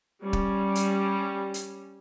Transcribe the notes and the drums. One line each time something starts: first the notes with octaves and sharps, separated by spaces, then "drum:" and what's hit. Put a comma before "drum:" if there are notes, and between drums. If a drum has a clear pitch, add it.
G3 C#4
drum: kick
drum: hi-hat
drum: hi-hat